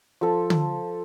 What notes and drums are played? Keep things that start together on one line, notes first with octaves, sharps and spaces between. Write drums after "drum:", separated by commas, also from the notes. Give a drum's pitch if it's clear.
F3 A4
drum: tom D3